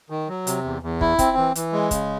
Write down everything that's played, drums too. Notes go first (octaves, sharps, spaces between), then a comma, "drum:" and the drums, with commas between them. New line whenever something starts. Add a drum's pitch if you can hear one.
D#3
F#3
C3, drum: hi-hat
E2
E2
E4, drum: kick
C4, drum: kick, hi-hat
E3
E3, drum: hi-hat
G#3
C#3, drum: kick, hi-hat